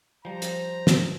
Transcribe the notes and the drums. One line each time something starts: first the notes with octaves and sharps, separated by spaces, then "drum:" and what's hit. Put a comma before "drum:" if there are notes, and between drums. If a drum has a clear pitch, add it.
F3 G3 C5 A#5
drum: hi-hat
drum: snare